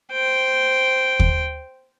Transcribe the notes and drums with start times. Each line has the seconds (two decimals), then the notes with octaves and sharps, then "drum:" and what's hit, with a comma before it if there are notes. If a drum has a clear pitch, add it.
0.12 C5 G5
1.20 drum: kick